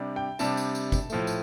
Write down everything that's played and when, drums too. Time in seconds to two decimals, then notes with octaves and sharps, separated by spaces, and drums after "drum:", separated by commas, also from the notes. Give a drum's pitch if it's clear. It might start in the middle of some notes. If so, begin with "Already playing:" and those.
Already playing: C3 G3 D4
0.16 G5
0.39 C3 G3 D4 A5, drum: tambourine
0.57 drum: tambourine
0.75 drum: tambourine
0.92 drum: kick, tambourine
1.10 A2 F3 A3, drum: tambourine
1.27 drum: tambourine